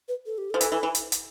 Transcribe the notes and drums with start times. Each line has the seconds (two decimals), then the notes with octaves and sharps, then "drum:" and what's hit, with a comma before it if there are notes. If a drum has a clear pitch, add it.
0.08 B4
0.26 A4
0.38 G4
0.51 F3 A4
0.61 E3, drum: hi-hat
0.72 E3
0.83 E3
0.95 drum: hi-hat
1.12 drum: hi-hat